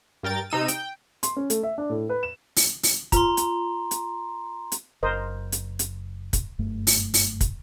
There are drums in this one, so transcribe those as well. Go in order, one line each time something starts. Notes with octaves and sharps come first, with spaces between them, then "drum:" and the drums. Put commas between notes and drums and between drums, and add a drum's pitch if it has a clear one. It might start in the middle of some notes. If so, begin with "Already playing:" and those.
G2 A#4 G5 A6
C3 D#4 E6 D#7
G5, drum: hi-hat
C6, drum: hi-hat
C#4
A3, drum: hi-hat
E5
D4
A2
B4
E7
drum: open hi-hat
drum: open hi-hat
F4 B4 A#5 C6, drum: kick, hi-hat
drum: hi-hat
drum: hi-hat
drum: hi-hat
F#1 A#4 C5 D#5
drum: hi-hat
drum: hi-hat
drum: kick, hi-hat
F#1 G2 A3
drum: open hi-hat
drum: open hi-hat
drum: kick, hi-hat